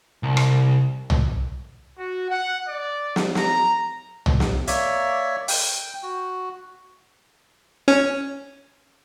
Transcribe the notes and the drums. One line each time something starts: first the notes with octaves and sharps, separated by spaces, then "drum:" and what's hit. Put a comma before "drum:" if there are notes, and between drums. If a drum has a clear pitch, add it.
C2
drum: rim click
drum: tom
F#4
F#5
D5
drum: snare
A#5, drum: snare
drum: tom
drum: snare
A#3 C#5 D5 E5, drum: hi-hat
G5, drum: open hi-hat
F#4
C#4